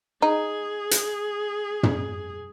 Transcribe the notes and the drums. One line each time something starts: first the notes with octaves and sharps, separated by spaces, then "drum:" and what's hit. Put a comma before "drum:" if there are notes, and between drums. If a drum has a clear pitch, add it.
D#4 G#4
drum: hi-hat
drum: tom